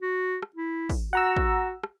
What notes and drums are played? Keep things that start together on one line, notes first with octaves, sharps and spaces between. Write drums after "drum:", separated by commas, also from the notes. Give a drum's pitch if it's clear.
F#4
drum: rim click
E4
drum: kick, open hi-hat
F#4 F#5 A#5 E6
drum: kick
drum: rim click